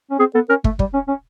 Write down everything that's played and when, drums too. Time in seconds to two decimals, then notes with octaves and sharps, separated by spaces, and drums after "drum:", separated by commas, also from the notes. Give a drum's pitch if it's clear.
0.11 C#4
0.19 C4 G#4
0.35 B3 A4
0.49 C#4 A#4
0.64 A3, drum: kick
0.79 G3, drum: kick
0.93 C#4
1.08 C#4